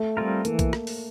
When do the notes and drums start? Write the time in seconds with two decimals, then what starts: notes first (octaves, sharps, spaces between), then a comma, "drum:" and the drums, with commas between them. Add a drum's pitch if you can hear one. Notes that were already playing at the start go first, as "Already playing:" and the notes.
Already playing: A3
0.17 G3 C4 F4 A#4
0.45 E3 A#3, drum: hi-hat
0.59 drum: kick B1, hi-hat
0.73 drum: rim click
0.87 drum: open hi-hat